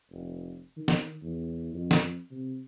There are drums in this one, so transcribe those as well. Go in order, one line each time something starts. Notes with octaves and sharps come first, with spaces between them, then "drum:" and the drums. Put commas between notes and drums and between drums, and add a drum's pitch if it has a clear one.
F1
D#3
drum: snare
E2
F2
drum: snare
C3